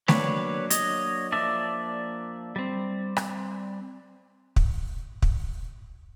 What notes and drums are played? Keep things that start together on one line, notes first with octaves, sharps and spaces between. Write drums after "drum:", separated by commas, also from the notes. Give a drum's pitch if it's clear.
F#3 A#3 D4 B4 C#5, drum: snare A3
C#5 D#5, drum: hi-hat
F3 A#3 D4 D5 E5
G3 C4
drum: rim click
drum: kick
drum: kick